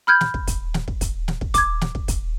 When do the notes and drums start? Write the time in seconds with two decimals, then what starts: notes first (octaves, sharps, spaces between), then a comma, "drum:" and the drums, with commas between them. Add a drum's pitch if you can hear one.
0.07 B5 F6 G6 G#6
0.21 drum: snare
0.34 drum: kick
0.47 drum: kick, hi-hat
0.74 drum: snare
0.88 drum: kick
1.01 drum: kick, hi-hat
1.28 drum: snare
1.41 drum: kick
1.54 D6 G#6, drum: kick, hi-hat
1.81 drum: snare
1.95 drum: kick
2.08 drum: kick, hi-hat